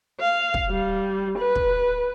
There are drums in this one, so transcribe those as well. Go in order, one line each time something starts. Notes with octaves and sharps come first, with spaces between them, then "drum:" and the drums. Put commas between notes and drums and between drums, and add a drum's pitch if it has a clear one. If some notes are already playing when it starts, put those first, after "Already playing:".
F5
drum: kick
G3
B4
drum: kick